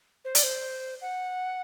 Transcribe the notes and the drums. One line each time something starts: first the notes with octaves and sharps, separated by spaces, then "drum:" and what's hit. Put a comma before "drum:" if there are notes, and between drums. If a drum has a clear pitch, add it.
C5
D5, drum: hi-hat
C5
F#5